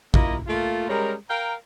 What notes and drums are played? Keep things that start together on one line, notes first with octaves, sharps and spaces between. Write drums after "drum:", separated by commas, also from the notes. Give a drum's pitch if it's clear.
A#3 E4 F4 D#5 A#5, drum: kick A1
A3 A#3 F4
G3 G#3 C#4 A#4
A#4 F5 G5 A#5